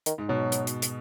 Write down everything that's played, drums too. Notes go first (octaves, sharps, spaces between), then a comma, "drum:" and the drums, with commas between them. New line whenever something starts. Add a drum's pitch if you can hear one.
D#3, drum: hi-hat
G#2
B2 F#3
drum: hi-hat
drum: hi-hat
drum: hi-hat